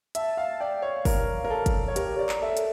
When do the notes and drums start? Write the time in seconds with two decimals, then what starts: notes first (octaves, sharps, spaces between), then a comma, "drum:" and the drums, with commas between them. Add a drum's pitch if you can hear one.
0.15 E5 A5, drum: hi-hat
0.37 F5 A5
0.60 D5 G5
0.82 C#5 F5
1.05 A#4, drum: kick, open hi-hat
1.45 A#4
1.50 A4
1.66 drum: kick, hi-hat
1.88 C#5
1.96 G4 A#4, drum: hi-hat
2.16 C#5 D5
2.29 A#4, drum: clap
2.41 A4 E5
2.57 drum: hi-hat